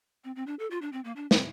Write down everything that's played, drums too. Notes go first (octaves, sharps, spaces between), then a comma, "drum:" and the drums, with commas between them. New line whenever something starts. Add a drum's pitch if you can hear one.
C4
C4
D4
A4
F4
D4
C4
A#3
D4
C4, drum: snare